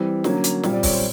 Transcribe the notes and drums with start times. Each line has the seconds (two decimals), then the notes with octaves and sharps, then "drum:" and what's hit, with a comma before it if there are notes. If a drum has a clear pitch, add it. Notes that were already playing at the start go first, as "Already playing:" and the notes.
Already playing: E3 G3 C4
0.24 D3 F#3 A#3 C#4, drum: snare
0.44 drum: hi-hat
0.63 A#2 G3 C4, drum: snare
0.73 D5
0.83 C#5, drum: kick, open hi-hat
0.93 C5